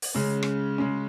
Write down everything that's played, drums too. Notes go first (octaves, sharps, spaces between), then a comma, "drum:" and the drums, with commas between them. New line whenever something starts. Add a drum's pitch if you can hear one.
drum: open hi-hat
C#3 G#3 C#4
drum: rim click
C#3 G#3 C#4